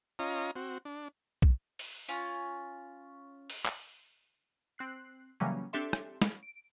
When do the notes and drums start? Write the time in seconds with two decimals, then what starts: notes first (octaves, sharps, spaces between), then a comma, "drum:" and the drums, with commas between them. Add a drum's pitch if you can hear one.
0.19 C#4 F4 D#5 A#5
0.56 C4 F#4
0.85 D4
1.42 drum: kick
1.79 drum: open hi-hat
2.08 C#4 F4
3.50 drum: open hi-hat
3.65 drum: clap
4.78 C4 F#6 C7
5.40 C#3 E3 F#3 G3 A#3 C#4
5.73 C4 D4 G4 A4 E5 C6
5.93 drum: rim click
6.22 C#4, drum: snare
6.43 D7